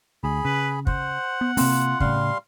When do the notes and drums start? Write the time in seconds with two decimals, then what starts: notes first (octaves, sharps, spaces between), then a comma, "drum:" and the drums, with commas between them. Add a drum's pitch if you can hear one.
0.24 D2 G#4 B5
0.45 C#3 B4
0.87 C5 F#5, drum: kick
1.41 B3
1.57 C3 A#3 C4 F4, drum: open hi-hat
2.00 A2 C#3 G3 F5 C6, drum: kick